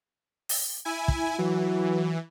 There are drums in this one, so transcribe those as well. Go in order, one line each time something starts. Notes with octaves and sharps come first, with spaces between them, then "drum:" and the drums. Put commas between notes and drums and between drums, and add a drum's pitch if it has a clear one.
drum: open hi-hat
E4 G#5
drum: kick
E3 F#3